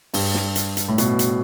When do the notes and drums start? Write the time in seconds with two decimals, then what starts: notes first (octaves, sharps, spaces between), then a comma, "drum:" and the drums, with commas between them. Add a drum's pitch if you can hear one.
0.14 G2, drum: open hi-hat
0.35 drum: snare
0.56 drum: hi-hat
0.77 drum: hi-hat
0.88 A2
0.98 B2, drum: hi-hat
1.19 drum: hi-hat